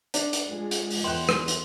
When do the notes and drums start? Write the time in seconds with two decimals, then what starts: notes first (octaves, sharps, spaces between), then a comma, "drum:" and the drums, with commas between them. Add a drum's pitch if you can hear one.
0.14 D4, drum: hi-hat
0.33 drum: hi-hat
0.49 G#3 F4
0.71 drum: hi-hat
0.90 drum: open hi-hat
1.04 E2 G5 C6 F#6
1.29 drum: rim click
1.48 drum: hi-hat